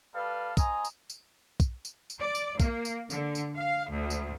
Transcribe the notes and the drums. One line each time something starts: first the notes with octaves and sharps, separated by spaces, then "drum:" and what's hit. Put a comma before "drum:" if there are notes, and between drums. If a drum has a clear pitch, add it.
G3 A4 B4 F5
C4 D#5 G#5 A#5, drum: kick, tambourine
drum: tambourine
drum: tambourine
drum: kick, tambourine
drum: tambourine
drum: tambourine
D5
drum: tambourine
A#3, drum: kick, tambourine
drum: tambourine
D3, drum: tambourine
drum: tambourine
F5
D2
drum: tambourine